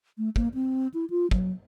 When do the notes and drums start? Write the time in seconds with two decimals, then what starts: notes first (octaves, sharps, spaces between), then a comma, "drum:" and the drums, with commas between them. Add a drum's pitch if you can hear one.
0.18 A3
0.36 A#3, drum: kick
0.54 C4
0.94 E4
1.10 F4
1.31 F#3, drum: kick